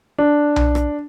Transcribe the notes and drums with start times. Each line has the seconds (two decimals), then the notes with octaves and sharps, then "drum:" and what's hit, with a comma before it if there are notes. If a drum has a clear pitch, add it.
0.18 D4
0.56 drum: tom B1
0.75 drum: rim click